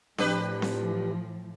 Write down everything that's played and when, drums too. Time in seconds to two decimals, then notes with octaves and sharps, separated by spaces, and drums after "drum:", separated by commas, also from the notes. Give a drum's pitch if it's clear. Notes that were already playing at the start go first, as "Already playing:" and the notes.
0.18 A2 F3 D4 G4 B4, drum: snare C4
0.62 drum: snare C4